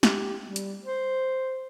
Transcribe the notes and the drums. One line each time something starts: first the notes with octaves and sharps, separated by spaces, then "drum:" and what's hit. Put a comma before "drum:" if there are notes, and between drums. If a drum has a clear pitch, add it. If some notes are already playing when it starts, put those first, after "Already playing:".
G4, drum: snare
G3
drum: hi-hat
C5